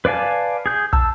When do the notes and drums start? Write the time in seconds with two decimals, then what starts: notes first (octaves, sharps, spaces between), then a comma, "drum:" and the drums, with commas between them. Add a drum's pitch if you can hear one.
0.05 B4 D5 F5 G#5 A5
0.66 G#4 G6
0.93 A5 E6, drum: kick